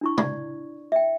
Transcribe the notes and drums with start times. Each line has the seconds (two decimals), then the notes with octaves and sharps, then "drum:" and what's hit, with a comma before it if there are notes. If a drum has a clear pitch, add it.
0.01 D4 E4 C#6
0.18 D5, drum: tom
0.92 E5 G5